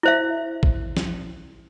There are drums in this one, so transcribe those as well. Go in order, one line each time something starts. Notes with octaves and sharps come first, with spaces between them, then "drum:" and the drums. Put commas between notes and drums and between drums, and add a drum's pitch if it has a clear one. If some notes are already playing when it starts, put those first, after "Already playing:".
E4 C5 E5
drum: kick A1
drum: snare